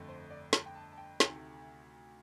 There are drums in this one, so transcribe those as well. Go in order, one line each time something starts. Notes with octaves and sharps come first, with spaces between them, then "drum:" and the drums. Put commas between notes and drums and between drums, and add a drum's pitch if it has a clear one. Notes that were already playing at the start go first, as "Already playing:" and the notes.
Already playing: G1 F2 D3 A3
C5
D5
A5, drum: snare
G5
A5
A5
G5
D2 C3 D#3 A3, drum: snare